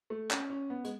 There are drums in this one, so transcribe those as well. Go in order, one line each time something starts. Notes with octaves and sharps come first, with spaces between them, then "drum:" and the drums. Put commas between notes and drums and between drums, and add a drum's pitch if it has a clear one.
A3
C#4, drum: clap
C#4
B3
G#3, drum: hi-hat